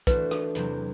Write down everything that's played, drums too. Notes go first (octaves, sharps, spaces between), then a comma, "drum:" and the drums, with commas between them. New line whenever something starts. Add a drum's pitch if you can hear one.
E3 A3 D4 F#4 B4 C5, drum: kick, hi-hat
drum: rim click
E2 C3 F#3 C4, drum: hi-hat